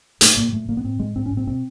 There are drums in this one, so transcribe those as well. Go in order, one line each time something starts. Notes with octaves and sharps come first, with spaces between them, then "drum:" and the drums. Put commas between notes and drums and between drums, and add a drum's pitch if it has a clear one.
A#2 A3, drum: hi-hat
A#2 A#3
A#2 A3
A#2 A#3
B3
A2 C4
A2 G#3
A2 C4
C#4
A2
C4
B2 C4